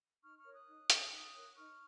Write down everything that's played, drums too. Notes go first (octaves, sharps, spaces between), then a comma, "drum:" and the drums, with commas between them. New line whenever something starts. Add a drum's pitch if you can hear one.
D#4 C#6 F6
C#6 F6
A#4 C#5
D#6 F#6
D#4
A#4 C#5, drum: hi-hat
D#4 D#6 F#6
A#4 C#5
D#4 C#6 F6